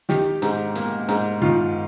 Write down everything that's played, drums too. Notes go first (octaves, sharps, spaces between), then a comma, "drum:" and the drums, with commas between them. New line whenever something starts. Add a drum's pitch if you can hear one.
D#3 G4, drum: snare
G#2, drum: hi-hat
A#3, drum: hi-hat
G#2, drum: hi-hat
D#3 F4, drum: tom G2